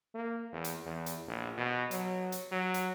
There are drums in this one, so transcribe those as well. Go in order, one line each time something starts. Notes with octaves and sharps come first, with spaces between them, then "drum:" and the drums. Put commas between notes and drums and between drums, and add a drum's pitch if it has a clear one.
A#3
E2
drum: hi-hat
E2
drum: hi-hat
A#1
B2
F#3, drum: hi-hat
drum: hi-hat
F#3
drum: hi-hat